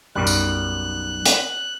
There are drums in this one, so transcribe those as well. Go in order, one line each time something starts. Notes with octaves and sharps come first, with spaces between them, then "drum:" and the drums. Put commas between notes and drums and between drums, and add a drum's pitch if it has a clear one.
B1 F#2 G3 F#6
drum: tambourine
drum: hi-hat